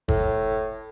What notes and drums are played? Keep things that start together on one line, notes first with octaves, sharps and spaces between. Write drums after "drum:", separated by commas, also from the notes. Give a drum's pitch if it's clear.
A2, drum: kick